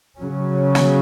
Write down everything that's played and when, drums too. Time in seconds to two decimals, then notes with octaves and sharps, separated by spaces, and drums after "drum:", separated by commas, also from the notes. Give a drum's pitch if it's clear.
0.18 C#3 F#3 C#4
0.75 drum: snare